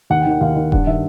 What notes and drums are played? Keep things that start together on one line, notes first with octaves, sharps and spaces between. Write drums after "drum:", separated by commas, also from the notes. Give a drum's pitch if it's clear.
D#2 F#5
G5
D#3
F#5
D#2 F5
D#3
G2 F#5, drum: kick D#1
D#3 E5